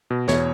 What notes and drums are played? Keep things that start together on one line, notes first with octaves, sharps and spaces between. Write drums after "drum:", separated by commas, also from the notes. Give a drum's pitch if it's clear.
B2
E2 C#5, drum: snare